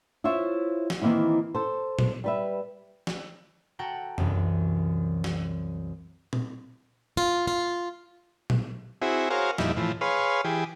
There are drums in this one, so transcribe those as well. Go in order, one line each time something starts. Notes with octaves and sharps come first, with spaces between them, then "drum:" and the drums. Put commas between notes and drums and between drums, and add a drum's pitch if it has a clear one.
E4 F4 C5 C#5 E5
drum: snare
D#3 E3 A#3 C4 E4
A4 C5
drum: tom
G3 B4 E5
drum: snare
F#4 A4 F#5 G5 A#5
C2 F#2 E3, drum: tom F2
drum: snare
drum: tom A#2
F4
F4
drum: tom
C4 E4 F#4 G#4
F#4 G#4 A#4 C5 C#5 F5
F2 A#2 G3 D#4 E4, drum: snare
A2 E3 F3
G#4 B4 C#5 F5 C6
E3 G4 G#4